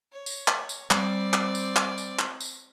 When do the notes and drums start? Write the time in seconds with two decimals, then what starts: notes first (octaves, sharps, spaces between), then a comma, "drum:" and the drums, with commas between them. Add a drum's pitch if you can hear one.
0.12 C#5
0.26 drum: tambourine
0.48 drum: clap
0.69 drum: tambourine
0.91 G3 C4 D5, drum: clap
1.33 drum: clap
1.55 drum: tambourine
1.76 drum: clap
1.98 drum: tambourine
2.19 drum: clap
2.40 drum: tambourine